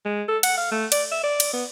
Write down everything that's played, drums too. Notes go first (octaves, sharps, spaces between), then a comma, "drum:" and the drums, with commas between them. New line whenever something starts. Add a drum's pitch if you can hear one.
G#3
A4
F#5, drum: cymbal
F5
A3
D5, drum: cymbal
E5
D5
drum: cymbal
B3